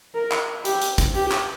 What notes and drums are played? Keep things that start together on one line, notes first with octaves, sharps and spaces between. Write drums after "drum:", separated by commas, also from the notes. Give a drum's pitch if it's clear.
A#4
drum: clap
G4, drum: hi-hat
drum: hi-hat
drum: kick, hi-hat
G4, drum: open hi-hat
drum: clap